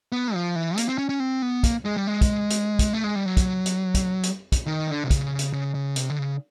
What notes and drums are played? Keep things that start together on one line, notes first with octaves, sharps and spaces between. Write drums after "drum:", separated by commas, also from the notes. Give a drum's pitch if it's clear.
B3
F3
E3
A#3, drum: hi-hat
C4
C#4
C#4
C4
B3
A#3, drum: kick, hi-hat
G#3
G3
G#3
drum: kick, hi-hat
drum: hi-hat
drum: kick, hi-hat
A3
G#3
G3
F#3
drum: kick, hi-hat
drum: hi-hat
drum: kick, hi-hat
drum: hi-hat
drum: kick, hi-hat
D#3
D3
C3
C#3, drum: kick, hi-hat
drum: hi-hat
C#3
C#3
C3, drum: hi-hat
D3
C#3